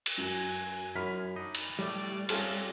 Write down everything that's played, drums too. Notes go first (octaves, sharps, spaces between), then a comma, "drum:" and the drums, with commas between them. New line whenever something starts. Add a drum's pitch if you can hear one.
drum: cymbal
F#2 G#5
F#2 B5 F6 B6
A3 D4 D#4 D#5
drum: cymbal
A2 G3 A3 D5
C4 C#4 D#4 F4 A4 D5 E5 F6, drum: cymbal